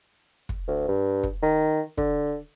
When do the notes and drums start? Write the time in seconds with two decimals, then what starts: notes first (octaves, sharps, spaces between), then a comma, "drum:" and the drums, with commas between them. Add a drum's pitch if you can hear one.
0.49 drum: kick
0.68 D2
0.88 G2
1.23 drum: kick
1.43 D#3
1.97 D3, drum: kick